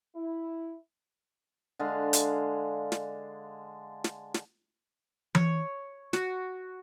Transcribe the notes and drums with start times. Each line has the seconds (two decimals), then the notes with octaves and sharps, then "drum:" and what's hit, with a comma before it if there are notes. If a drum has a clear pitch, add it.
0.16 E4
1.79 D3 G#3 F5
2.13 drum: hi-hat
2.92 drum: snare
4.04 drum: snare
4.34 drum: snare
5.35 C#5, drum: tom E3
6.13 F#4, drum: snare